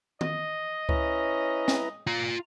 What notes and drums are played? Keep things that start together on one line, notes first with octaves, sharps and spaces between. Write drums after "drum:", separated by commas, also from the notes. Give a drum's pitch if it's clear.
D#5, drum: tom D#3
C#4 E4 B4 A#5, drum: kick C#2
drum: snare
F4 A#5